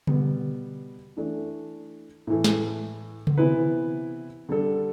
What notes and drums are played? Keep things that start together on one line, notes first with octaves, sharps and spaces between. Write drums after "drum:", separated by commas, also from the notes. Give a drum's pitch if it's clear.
B2 G3 B3, drum: tom C#3
E3 A3 D4
A2 E3 A3
drum: snare
drum: tom C#3
C3 E3 B3 E4 B4
D3 G3 D4 A4